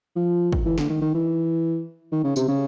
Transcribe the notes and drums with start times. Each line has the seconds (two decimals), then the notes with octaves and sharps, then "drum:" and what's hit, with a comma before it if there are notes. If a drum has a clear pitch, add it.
0.16 F3
0.53 drum: kick
0.65 E3
0.78 D3, drum: snare
0.90 D#3
1.01 D#3
1.14 E3
2.12 D#3
2.24 C#3
2.36 C3, drum: tambourine
2.48 C#3